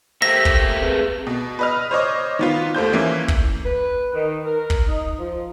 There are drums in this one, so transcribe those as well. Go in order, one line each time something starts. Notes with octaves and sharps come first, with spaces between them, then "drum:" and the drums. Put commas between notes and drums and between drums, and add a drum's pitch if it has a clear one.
A3 A#3 G4 C5 E5 A#6
drum: kick
C4 G#4 B4
B2
B4 D#5 F6
C5 C#5 D#5 D6
D#3 B3 F4
D#2 A3 C5 G6
E3 A#3 C#4 E5
drum: kick
B4
D#3
A#4
drum: kick
D#4
F3